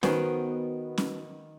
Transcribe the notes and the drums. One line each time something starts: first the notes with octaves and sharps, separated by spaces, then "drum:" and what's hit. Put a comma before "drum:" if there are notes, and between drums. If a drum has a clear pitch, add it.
D#3 B3 F#4 C5 G#5, drum: snare C#4
drum: snare C#4